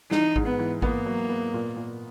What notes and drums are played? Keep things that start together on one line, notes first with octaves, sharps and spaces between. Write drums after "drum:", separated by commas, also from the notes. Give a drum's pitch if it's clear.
E3 D#4, drum: snare
G#2, drum: kick A1
B3
E3
A#3 B3, drum: kick A1
F#3
B3
A#2
A#2